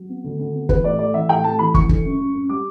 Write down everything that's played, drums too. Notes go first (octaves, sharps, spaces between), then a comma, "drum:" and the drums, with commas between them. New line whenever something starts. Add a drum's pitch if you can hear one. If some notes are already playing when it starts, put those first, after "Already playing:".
Already playing: F#3
B3
D2
D2
B3
E3 B4, drum: kick
A2 D5
A3 D5
E3 E5
A2 G5
A3 A5
E3 B5
E3 C#6, drum: kick
D3, drum: kick
F#2
F#2
F#2
G3 D6